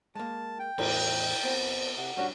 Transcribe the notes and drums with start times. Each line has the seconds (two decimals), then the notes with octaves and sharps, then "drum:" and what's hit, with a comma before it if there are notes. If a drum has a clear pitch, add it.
0.15 G#3 A#3 A5
0.59 G5
0.78 E2 A2 C5, drum: cymbal
1.43 B3 C4 C5
1.97 C3 F#5
2.17 G3 C#4 D4 F#4